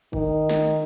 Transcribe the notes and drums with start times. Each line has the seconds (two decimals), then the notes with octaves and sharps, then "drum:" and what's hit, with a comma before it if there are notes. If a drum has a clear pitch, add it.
0.13 D#3, drum: kick F#1
0.49 drum: snare